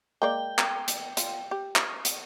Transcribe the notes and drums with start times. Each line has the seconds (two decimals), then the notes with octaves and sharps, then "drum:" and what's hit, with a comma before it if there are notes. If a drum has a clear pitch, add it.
0.22 G#3 A#3 D5 G5
0.59 drum: clap
0.88 drum: hi-hat
1.17 F4, drum: hi-hat
1.51 G4
1.76 drum: clap
2.05 drum: hi-hat